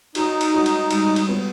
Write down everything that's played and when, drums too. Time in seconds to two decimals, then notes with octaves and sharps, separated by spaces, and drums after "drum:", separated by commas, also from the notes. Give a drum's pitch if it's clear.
0.15 D#4 F#4, drum: cymbal
0.41 drum: cymbal
0.54 F#4
0.66 drum: cymbal
0.91 G3, drum: cymbal
1.16 drum: cymbal
1.29 B3